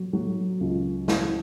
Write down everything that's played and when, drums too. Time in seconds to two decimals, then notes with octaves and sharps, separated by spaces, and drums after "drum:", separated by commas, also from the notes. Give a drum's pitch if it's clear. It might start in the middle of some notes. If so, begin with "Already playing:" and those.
Already playing: F#3
0.13 F#3
0.61 C#2
1.08 E3, drum: snare